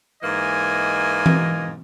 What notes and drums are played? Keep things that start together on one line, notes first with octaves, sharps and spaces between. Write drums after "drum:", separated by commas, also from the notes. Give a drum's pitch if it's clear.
G#2 E3 A#3 D#5 G#5
drum: tom E3